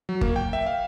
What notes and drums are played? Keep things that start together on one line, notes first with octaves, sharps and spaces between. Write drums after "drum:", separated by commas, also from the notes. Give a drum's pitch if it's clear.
F#3
A#3, drum: kick G1
G5
E5
F5